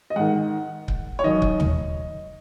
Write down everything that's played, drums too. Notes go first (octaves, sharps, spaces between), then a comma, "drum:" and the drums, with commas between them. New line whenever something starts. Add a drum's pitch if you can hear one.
D#5
G#2 D#3 F#5
drum: kick C#1
C#5
F#2 D#3 D#5
drum: kick C#1
drum: tom